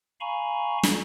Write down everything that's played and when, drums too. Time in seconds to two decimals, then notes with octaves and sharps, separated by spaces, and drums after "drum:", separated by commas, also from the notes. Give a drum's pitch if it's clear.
0.20 F5 G#5 A#5 B5 C#6
0.83 drum: snare